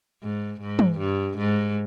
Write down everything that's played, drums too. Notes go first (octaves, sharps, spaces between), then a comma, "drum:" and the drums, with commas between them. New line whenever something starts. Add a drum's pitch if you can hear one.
G#2
G#2
drum: tom
G2
G#2